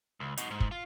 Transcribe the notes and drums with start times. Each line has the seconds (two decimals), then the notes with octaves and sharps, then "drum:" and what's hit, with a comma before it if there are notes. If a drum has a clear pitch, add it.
0.20 C#2
0.37 D#4 F#4, drum: hi-hat
0.50 G#2
0.60 drum: kick
0.71 F4